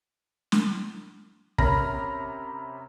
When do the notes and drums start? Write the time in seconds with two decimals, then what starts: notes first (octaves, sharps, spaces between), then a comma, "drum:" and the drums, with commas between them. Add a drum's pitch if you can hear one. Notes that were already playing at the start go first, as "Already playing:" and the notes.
0.52 drum: snare
1.58 C3 C#4 A#4 B5 F6 A#6, drum: kick